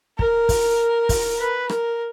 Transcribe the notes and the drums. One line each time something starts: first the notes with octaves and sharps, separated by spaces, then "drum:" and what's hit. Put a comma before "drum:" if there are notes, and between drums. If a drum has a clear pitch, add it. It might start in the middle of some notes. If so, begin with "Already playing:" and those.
A#4, drum: kick
drum: kick, open hi-hat
drum: kick, open hi-hat
B4
A#4, drum: rim click